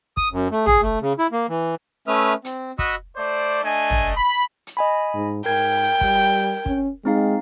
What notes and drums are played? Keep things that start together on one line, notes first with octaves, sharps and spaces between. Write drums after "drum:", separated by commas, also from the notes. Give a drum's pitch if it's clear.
D#6, drum: kick
F#2
A3
G#4, drum: tom
A3
C#3
E4
A#3
E3
A3 C#4 B4 E5 D#6 F6
C4, drum: hi-hat
F#4 D#5 B5 C#6 D#6 E6, drum: kick
A3 C5 D5
A3 D4 D#5 G#5
drum: tom
B5
drum: hi-hat
D#5 G#5 B5
G#2
G#2 A#4 G5 G#6
G3, drum: kick
C#4, drum: kick
G#3 C4 D#4 F5